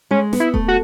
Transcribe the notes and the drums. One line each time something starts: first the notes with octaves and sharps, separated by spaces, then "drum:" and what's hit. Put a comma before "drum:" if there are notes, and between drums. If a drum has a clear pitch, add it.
G#3 C#4
B3, drum: snare
E4
A3, drum: kick D#1
F#4